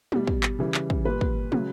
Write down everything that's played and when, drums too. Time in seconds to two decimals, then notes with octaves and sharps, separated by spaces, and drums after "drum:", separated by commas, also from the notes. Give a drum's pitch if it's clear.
0.12 B2 G3, drum: tom
0.27 drum: kick
0.43 drum: clap
0.59 C#3 E3 G3
0.74 drum: clap
0.90 drum: kick
1.05 A#2 G3 B4
1.21 drum: kick
1.52 C#3 F#3, drum: tom